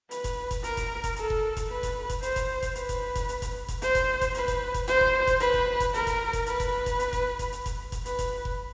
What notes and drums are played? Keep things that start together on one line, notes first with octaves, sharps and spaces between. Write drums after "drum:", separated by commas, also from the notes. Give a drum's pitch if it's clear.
B4, drum: hi-hat
drum: kick F1, hi-hat
drum: kick F1, hi-hat
A#4, drum: hi-hat
drum: kick F1, hi-hat
drum: kick F1, hi-hat
A4, drum: hi-hat
drum: kick F1
drum: kick F1, hi-hat
B4
drum: kick F1, hi-hat
drum: kick F1, hi-hat
C5, drum: hi-hat
drum: kick F1, hi-hat
drum: kick F1, hi-hat
B4, drum: hi-hat
drum: kick F1, hi-hat
drum: kick F1, hi-hat
drum: hi-hat
drum: kick F1, hi-hat
drum: kick F1, hi-hat
C5, drum: hi-hat
drum: kick F1, hi-hat
drum: kick F1, hi-hat
B4, drum: hi-hat
drum: kick F1, hi-hat
drum: kick F1, hi-hat
C5, drum: hi-hat
drum: kick F1
drum: kick F1, hi-hat
B4, drum: hi-hat
drum: kick F1
drum: kick F1, hi-hat
A#4, drum: hi-hat
drum: kick F1, hi-hat
drum: kick F1, hi-hat
B4, drum: hi-hat
drum: kick F1, hi-hat
drum: kick F1, hi-hat
drum: hi-hat
drum: kick F1, hi-hat
drum: kick F1, hi-hat
drum: hi-hat
drum: kick F1, hi-hat
drum: kick F1, hi-hat
B4, drum: hi-hat
drum: kick F1, hi-hat
drum: kick F1